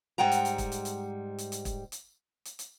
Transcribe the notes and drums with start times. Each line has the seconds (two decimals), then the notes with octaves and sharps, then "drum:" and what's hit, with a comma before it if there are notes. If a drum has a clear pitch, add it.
0.18 G#2 G3 G#3 F#5 G5 A#5
0.32 drum: hi-hat
0.45 drum: hi-hat
0.58 drum: kick, hi-hat
0.72 drum: hi-hat
0.85 drum: hi-hat
1.38 drum: hi-hat
1.52 drum: hi-hat
1.65 drum: kick, hi-hat
1.92 drum: hi-hat
2.45 drum: hi-hat
2.59 drum: hi-hat